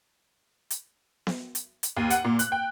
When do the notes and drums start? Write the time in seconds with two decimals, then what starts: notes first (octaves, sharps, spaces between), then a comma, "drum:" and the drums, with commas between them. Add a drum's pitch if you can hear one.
0.70 drum: hi-hat
1.27 drum: snare B3
1.55 drum: hi-hat
1.83 drum: hi-hat
1.96 D#2
2.10 F#5, drum: hi-hat
2.24 A#2
2.39 F#6, drum: hi-hat
2.52 G5